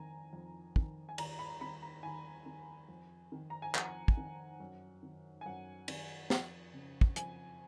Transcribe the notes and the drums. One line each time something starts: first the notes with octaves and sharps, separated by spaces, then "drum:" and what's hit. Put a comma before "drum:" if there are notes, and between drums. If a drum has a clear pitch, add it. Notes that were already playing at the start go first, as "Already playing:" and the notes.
Already playing: F2 D#3 G#5 A#5
F2
D#3, drum: kick
G#5
D#2 A#5, drum: cymbal
B5
D#3 B5
A#5
D#2 G#5
D#3
F2
D#3
A#5
G#5
F2 F#5, drum: clap
drum: kick
D#3
F#2
D#3
G#5
F#2 F#5
D#3, drum: cymbal
F2, drum: snare
C#3
drum: kick
F2 G#5, drum: hi-hat